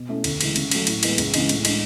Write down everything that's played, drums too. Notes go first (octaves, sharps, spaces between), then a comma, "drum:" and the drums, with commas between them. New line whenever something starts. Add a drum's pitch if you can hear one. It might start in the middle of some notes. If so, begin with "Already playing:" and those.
Already playing: B2
A3 C#4 E4
D2, drum: cymbal
C#3 E3 G#3, drum: cymbal
C#3, drum: cymbal
F#3 A3 C#4, drum: cymbal
A2, drum: cymbal
E3 G#3 B3, drum: cymbal
C#2, drum: cymbal
C#3 E3 G#3 D4, drum: cymbal
A2, drum: cymbal
G#3 D4, drum: cymbal